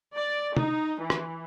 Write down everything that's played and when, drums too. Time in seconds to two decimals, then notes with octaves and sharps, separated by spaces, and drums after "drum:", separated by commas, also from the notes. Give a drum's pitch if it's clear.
0.13 D5
0.57 D#4, drum: tom
1.00 E3
1.10 drum: rim click